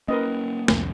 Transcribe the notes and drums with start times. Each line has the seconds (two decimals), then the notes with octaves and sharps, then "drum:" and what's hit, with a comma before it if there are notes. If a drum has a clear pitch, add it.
0.08 A#3 C#4 A#4 B4 D#5
0.68 C2 F2 D3, drum: snare